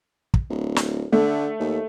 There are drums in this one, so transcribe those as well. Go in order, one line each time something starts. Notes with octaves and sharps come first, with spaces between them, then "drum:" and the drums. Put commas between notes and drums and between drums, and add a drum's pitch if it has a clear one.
drum: kick
D1
drum: snare
D3 A3
D#2